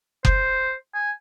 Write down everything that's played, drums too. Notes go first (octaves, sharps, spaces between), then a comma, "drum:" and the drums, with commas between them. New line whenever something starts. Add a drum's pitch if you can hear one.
C5, drum: kick F#1
G#5